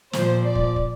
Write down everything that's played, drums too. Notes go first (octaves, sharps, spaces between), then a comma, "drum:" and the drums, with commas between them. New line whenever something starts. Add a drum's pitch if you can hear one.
A#2 F3 C5, drum: snare
D5
drum: kick
drum: kick